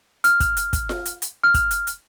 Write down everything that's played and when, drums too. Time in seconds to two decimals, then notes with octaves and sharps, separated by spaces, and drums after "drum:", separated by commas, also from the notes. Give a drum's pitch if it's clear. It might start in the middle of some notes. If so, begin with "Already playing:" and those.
0.24 F6, drum: hi-hat
0.40 drum: kick, hi-hat
0.57 drum: hi-hat
0.73 drum: kick, hi-hat
0.89 drum: snare F4
1.06 drum: hi-hat
1.22 drum: hi-hat
1.44 F6
1.54 drum: kick, hi-hat
1.71 drum: hi-hat
1.87 drum: hi-hat